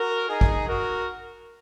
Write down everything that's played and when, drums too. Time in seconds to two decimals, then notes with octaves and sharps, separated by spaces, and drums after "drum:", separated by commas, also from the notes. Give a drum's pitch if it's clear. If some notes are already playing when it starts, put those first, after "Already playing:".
Already playing: F#4 A#4
0.29 D#4 G#4
0.41 drum: kick
0.68 F#4 A#4